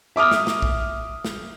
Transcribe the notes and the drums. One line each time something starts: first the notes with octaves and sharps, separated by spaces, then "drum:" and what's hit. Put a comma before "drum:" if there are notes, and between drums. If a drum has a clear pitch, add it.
E5 D6 D#6 F6
drum: snare
drum: snare
drum: kick A#1
drum: snare